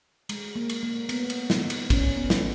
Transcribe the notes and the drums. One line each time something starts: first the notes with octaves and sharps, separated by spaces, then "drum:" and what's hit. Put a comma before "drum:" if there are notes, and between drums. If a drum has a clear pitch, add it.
G#3, drum: cymbal
A#3
drum: cymbal
A#3
B3, drum: cymbal
drum: cymbal
drum: snare
drum: cymbal
C#4, drum: kick, cymbal
B3
drum: snare